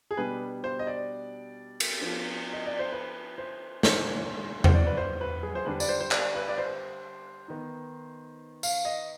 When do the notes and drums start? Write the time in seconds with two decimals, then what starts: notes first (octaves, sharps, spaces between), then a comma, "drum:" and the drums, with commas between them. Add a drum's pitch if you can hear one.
0.11 G#4
0.17 B2 G3 D4 B4
0.64 C5
0.79 D#5
0.87 D5
1.80 drum: cymbal
2.01 F3 B3 D4
2.53 D#5
2.66 D5
2.79 C5
2.92 B4
3.38 C5
3.83 D#3 G#3 D4 C5, drum: snare
4.64 C5, drum: tom E2
4.74 D5
4.87 B4
4.97 C5
5.21 B4
5.43 G#4
5.55 C5
5.65 D3 G3 D4 B4
5.80 D5, drum: tambourine
5.89 C5
6.00 C5
6.11 D5, drum: clap
6.35 B4
6.48 D5
6.58 C5
7.48 D#3 B3 D#4
8.63 F5, drum: tambourine
8.85 D#5